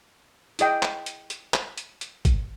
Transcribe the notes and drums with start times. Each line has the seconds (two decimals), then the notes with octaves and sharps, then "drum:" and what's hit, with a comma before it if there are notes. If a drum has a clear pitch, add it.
0.59 E4 G#4 D#5 G5, drum: hi-hat
0.83 drum: clap
1.06 drum: hi-hat
1.30 drum: hi-hat
1.54 drum: clap
1.78 drum: hi-hat
2.01 drum: hi-hat
2.25 drum: kick, hi-hat